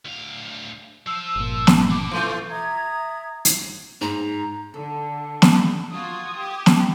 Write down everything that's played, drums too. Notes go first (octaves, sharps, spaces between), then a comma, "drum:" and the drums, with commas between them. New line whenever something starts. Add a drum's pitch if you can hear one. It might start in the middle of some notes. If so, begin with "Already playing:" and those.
D2 F5
F3 E6
G1 A#2
drum: snare
B2 D6
E3 A3 F4
E5 A#5 D#6 G#6
drum: hi-hat
G#2 A#5
D3 A4
drum: snare
F4 F#4 D#6 G#6
G4
drum: snare